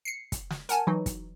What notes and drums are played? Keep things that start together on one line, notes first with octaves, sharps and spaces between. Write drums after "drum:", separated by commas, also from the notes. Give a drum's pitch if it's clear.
C7 C#7
drum: kick, hi-hat
drum: snare
A#4 F#5 G#5 A5, drum: hi-hat
E3 F#3 D#4
drum: kick, hi-hat